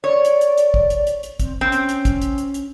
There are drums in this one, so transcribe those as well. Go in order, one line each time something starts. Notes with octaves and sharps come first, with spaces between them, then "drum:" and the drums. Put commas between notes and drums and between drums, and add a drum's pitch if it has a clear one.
C#5 D5
drum: hi-hat
drum: hi-hat
drum: hi-hat
drum: kick
drum: hi-hat
drum: hi-hat
drum: hi-hat
C4, drum: kick, hi-hat
C4 C#4
drum: hi-hat
drum: hi-hat
drum: kick, hi-hat
drum: hi-hat
drum: hi-hat
drum: hi-hat